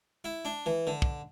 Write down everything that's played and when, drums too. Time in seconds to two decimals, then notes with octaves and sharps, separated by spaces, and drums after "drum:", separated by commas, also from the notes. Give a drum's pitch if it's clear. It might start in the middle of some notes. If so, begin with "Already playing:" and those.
0.24 E4
0.45 D4
0.66 E3
0.87 D3
1.02 drum: kick